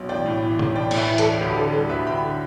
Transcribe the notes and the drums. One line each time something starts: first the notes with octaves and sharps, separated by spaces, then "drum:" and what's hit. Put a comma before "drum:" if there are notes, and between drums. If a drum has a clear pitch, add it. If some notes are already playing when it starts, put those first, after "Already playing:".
Already playing: B1
A1 D5 G5
A2
E3
A1, drum: tom C3
A1 D5 G5
A2, drum: cymbal
B4 E5
E3
A4 D5, drum: hi-hat
A1
D2 G4 B4
D3 A4 D5
G3 A4 D5
D2 B4 E5
D2 G5 B5
D3